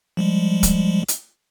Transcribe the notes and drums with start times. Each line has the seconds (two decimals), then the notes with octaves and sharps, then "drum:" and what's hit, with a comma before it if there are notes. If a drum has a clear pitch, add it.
0.17 F3 G3 G#3
0.63 drum: kick, hi-hat
1.08 drum: hi-hat